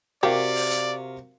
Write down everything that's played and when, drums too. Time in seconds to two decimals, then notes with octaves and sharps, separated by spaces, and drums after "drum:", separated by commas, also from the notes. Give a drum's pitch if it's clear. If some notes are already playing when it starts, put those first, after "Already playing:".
0.23 C3 F#4 G4 A#4 D5 F5
0.55 drum: open hi-hat
0.70 drum: hi-hat